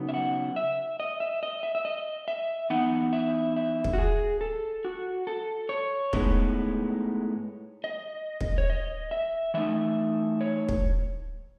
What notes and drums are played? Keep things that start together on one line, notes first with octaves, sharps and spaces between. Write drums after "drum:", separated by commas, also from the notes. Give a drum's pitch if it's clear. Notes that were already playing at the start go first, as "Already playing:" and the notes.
Already playing: C#3 F#3 B3 D#4
E5
F#5
E5
D#5
E5
D#5
E5
E5
D#5
E5
E3 B3 D#4 F#5
E5
E5
drum: kick
F#4
G#4
A4
F#4
A4
C#5
A2 G#3 B3 D#4, drum: kick
D#5
drum: kick
C#5
D#5
E5
E3 A3 D#4 E5
C#5
drum: kick